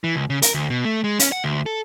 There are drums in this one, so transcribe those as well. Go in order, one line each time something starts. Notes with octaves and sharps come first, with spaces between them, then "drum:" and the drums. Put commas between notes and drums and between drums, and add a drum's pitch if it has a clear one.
E3
C#2
C#3
A#4, drum: hi-hat
D2
B2
A3
G#3
C#4, drum: hi-hat
F#5
D2
A4